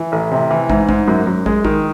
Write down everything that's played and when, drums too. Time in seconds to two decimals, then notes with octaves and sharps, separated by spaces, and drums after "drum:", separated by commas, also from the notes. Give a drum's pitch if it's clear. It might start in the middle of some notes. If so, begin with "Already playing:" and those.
Already playing: E3
0.12 A1
0.31 C3
0.51 E3
0.70 G#2, drum: kick
0.89 G#2, drum: kick
1.08 F#2
1.27 F#2
1.46 G#3, drum: kick
1.65 D#3, drum: kick